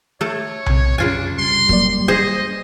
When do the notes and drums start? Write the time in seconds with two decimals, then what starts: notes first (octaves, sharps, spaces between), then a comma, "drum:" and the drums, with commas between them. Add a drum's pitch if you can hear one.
0.21 A3 A4 C#5
0.66 C3 G#6, drum: tom B1
0.98 F#2 C#3 D4 F4 G#5
1.38 G3 C6
1.69 F#3 A#3 D5, drum: kick
2.08 G#4 C5 D#5